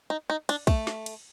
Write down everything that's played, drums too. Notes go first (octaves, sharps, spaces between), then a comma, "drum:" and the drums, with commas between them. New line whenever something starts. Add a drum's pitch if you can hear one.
D#4
D#4
D4, drum: cymbal
A3, drum: kick, cymbal
drum: snare
drum: cymbal